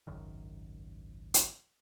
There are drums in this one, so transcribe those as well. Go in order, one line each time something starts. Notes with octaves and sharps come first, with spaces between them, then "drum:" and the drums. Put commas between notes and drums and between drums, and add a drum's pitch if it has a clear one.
G#1 C#2 F#2 D#3
drum: hi-hat